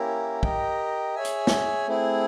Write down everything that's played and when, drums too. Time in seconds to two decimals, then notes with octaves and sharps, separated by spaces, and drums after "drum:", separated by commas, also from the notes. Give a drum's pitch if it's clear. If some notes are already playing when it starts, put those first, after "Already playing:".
Already playing: A#3 C#4 E4 G4 A#4
0.43 G4 A#4 D#5 G5, drum: kick
1.15 G#4 C#5 E5 G#5
1.25 drum: hi-hat
1.47 drum: snare
1.87 A3 C4 E4 G#4